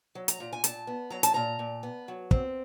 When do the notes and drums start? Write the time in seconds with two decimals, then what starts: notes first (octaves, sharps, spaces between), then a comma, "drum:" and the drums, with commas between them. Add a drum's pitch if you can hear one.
0.15 F#3
0.28 A#5, drum: hi-hat
0.40 A#2
0.53 G#5
0.64 A#2 A5, drum: hi-hat
0.87 B3
1.10 F#3 A#5
1.23 A5, drum: hi-hat
1.34 A#2 A#5
1.59 A#2
1.83 B3
2.08 F#3
2.31 C4, drum: kick